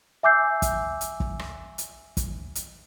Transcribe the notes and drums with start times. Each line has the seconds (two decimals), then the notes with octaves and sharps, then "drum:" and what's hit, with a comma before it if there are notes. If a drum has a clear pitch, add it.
0.23 E5 G#5 D6 E6 G6 C7
0.62 drum: kick, hi-hat
1.01 drum: hi-hat
1.20 drum: kick
1.39 drum: rim click
1.78 drum: hi-hat
2.17 drum: kick, hi-hat
2.55 drum: hi-hat